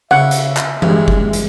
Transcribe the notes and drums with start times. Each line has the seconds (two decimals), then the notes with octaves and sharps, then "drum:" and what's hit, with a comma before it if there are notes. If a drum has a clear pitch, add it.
0.11 C#3 E5 F#5
0.31 drum: hi-hat
0.57 drum: clap
0.82 G2 G#3, drum: tom E3
1.08 drum: kick G1
1.33 drum: hi-hat